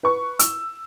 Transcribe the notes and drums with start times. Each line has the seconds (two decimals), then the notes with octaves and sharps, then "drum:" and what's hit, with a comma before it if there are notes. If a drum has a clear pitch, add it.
0.03 B4 C#6
0.39 E6, drum: hi-hat